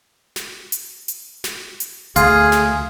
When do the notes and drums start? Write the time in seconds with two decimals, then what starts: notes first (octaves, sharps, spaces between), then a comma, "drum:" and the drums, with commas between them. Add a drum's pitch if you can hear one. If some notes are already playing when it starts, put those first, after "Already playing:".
0.36 drum: snare
0.72 drum: hi-hat
1.08 drum: hi-hat
1.44 drum: snare
1.80 drum: hi-hat
2.16 D2 F4 G#4, drum: hi-hat
2.52 drum: snare